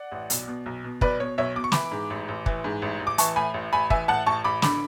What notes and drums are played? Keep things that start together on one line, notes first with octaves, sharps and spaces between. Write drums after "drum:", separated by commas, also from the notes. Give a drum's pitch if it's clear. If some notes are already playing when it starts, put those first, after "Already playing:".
Already playing: D5 F#5
A1
B1, drum: hi-hat
B2
B1
B2
B1 B4 D5, drum: kick
B2 C#5
B1 C#5 E5
B2 D6
C#6
E3 B5 D6, drum: snare
G#2
A1
A1
E3, drum: kick
G#2
A1
A1
D6
E3 A5 C#6, drum: hi-hat
A2 G#5 B5
A1
A1 G#5 B5
E3 E5 G#5, drum: kick
A2 F#5 A5
A1 A5 C#6
A1 B5 D6
D3 B5 D6, drum: snare